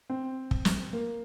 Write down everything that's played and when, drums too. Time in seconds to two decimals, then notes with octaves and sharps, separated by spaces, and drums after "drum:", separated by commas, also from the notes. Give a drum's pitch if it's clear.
0.10 C4
0.51 drum: kick
0.65 drum: snare
0.93 A#3